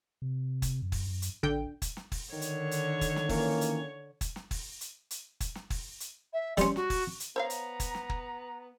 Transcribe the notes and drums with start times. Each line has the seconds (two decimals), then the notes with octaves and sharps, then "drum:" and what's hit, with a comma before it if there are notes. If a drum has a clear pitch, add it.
0.22 C3
0.62 drum: kick, hi-hat
0.82 F#2
0.92 drum: kick, open hi-hat
1.07 F#2
1.22 drum: hi-hat
1.43 A1 D3 G5
1.82 drum: kick, hi-hat
1.97 drum: snare
2.12 drum: kick, open hi-hat
2.32 D3 D#3 C#5
2.41 drum: hi-hat
2.71 drum: hi-hat
3.01 drum: kick, hi-hat
3.16 drum: snare
3.29 E3 A#3 C#4, drum: kick, open hi-hat
3.61 drum: hi-hat
4.21 drum: kick, hi-hat
4.36 drum: snare
4.51 drum: kick, open hi-hat
4.81 drum: hi-hat
5.11 drum: hi-hat
5.40 drum: kick, hi-hat
5.55 drum: snare
5.70 drum: kick, open hi-hat
6.00 drum: hi-hat
6.33 E5
6.58 G3 C#4 C6, drum: kick, hi-hat
6.76 F#4, drum: snare
6.90 drum: kick, open hi-hat
7.20 drum: hi-hat
7.36 B3 C5 C#5 F5 A#5
7.50 drum: hi-hat
7.80 drum: kick, hi-hat
7.95 drum: snare
8.10 drum: kick